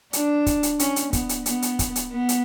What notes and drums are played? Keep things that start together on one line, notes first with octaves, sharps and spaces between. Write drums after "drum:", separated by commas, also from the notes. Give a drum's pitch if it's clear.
D4, drum: hi-hat
drum: kick, hi-hat
drum: hi-hat
C#4, drum: hi-hat
drum: hi-hat
B3, drum: kick, hi-hat
drum: hi-hat
B3, drum: hi-hat
drum: hi-hat
drum: kick, hi-hat
drum: hi-hat
B3
drum: hi-hat